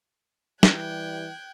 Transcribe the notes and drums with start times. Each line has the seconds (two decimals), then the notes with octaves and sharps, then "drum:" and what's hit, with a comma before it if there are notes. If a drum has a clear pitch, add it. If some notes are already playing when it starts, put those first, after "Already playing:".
0.63 E3 G3 G5 F#6 G#6, drum: snare